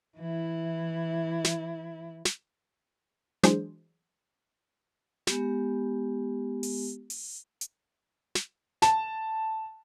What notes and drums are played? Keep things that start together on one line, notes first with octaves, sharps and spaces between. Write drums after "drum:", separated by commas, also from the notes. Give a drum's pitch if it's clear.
E3 E4
drum: snare
drum: snare
E3 F#3 G#3 D4 G#4 C5, drum: snare
G#3 B3 G4, drum: snare
drum: open hi-hat
drum: open hi-hat
drum: hi-hat
drum: snare
A5, drum: snare